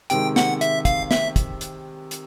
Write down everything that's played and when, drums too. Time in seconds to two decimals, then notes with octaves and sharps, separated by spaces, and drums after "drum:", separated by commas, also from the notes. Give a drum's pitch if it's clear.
0.10 C3 D#3 G#3 G5, drum: hi-hat
0.36 F#5, drum: snare
0.61 E5, drum: hi-hat
0.85 F5, drum: kick, hi-hat
1.11 E5, drum: snare
1.36 drum: kick, hi-hat
1.61 drum: hi-hat
2.11 drum: hi-hat